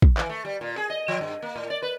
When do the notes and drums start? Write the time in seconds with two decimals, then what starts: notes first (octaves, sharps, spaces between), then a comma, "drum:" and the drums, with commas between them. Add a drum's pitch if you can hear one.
0.02 drum: kick
0.18 E3, drum: clap
0.29 A3
0.45 G3
0.61 A#2
0.77 G#4
0.90 D#5
1.08 F3
1.21 G2
1.42 A#3
1.56 A2
1.70 D5
1.82 B4